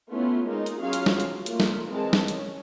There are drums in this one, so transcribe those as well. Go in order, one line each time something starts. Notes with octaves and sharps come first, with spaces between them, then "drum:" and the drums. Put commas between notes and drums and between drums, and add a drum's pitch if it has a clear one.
A3 B3 C#4 E4 F4
G#3 A#3 D#4 F4
drum: hi-hat
F#3 C#4 F4 G#4 F5
drum: hi-hat
drum: snare
drum: hi-hat
A3 A#3 F4, drum: hi-hat
drum: snare
E3 G#3 C4 A#4 A5
drum: snare
C#4, drum: hi-hat